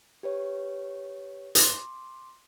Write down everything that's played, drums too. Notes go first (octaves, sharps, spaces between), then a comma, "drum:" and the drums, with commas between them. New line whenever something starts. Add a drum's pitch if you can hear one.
G4 B4 C#5
C6 D6, drum: hi-hat